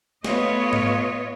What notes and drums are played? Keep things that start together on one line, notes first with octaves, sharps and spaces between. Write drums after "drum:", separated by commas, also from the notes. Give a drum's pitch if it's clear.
A3 B3 F4 C#5 D#5, drum: snare
drum: tom G#2